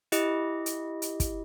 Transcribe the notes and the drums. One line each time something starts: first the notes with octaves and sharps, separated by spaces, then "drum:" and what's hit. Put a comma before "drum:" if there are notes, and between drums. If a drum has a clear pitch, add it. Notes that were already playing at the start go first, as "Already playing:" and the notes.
E4 G4 D#5, drum: hi-hat
drum: hi-hat
drum: hi-hat
drum: kick, hi-hat